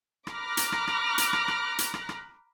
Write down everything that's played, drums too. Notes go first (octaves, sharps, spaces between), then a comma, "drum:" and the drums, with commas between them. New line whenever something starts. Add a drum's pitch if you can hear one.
A#5 B5 D6 F6 F#6 A#6, drum: rim click
drum: hi-hat
drum: rim click
drum: rim click
drum: hi-hat
drum: rim click
drum: rim click
drum: hi-hat
drum: rim click
drum: rim click